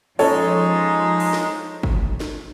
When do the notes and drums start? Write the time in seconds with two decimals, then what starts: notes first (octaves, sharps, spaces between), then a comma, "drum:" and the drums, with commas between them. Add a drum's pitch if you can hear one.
0.19 F3 G#3 C#4 D#4 A4 C#5, drum: open hi-hat
1.20 drum: open hi-hat
1.33 drum: snare
1.83 drum: kick
2.20 drum: snare